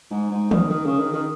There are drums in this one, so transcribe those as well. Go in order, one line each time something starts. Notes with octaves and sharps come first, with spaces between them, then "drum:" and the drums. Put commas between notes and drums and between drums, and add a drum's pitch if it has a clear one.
G#2
G#2
D#3, drum: tom
D#3
C#3
D#3
D#3